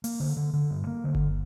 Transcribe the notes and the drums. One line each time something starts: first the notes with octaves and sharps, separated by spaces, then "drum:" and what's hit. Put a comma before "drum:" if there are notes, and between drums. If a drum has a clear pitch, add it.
A#3, drum: open hi-hat
D3
D3
D3
G2
A#3
D3
drum: kick G1